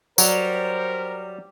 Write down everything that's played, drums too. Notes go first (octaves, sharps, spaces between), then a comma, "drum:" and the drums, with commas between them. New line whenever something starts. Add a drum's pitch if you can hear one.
F#3 G3 A#4 C5, drum: tambourine